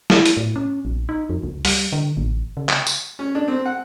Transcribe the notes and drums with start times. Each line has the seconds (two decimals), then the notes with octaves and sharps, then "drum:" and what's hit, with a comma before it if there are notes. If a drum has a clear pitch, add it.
0.10 E4, drum: snare
0.26 drum: hi-hat
0.37 A2
0.56 C#4
0.85 A#1
1.09 D#4
1.30 F2
1.43 C#2
1.65 G3, drum: open hi-hat
1.92 D3
2.17 A1
2.57 C#3
2.69 drum: clap
2.87 drum: tambourine
3.19 C#4
3.35 D4
3.48 C4
3.65 F#5